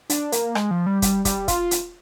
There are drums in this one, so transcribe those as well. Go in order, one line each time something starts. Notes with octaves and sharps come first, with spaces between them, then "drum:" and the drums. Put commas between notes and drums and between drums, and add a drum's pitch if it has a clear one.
D4, drum: hi-hat
A#3, drum: hi-hat
G#3, drum: rim click
F3
G3
G3, drum: kick, hi-hat
G3, drum: kick, hi-hat
F4, drum: kick, hi-hat
drum: hi-hat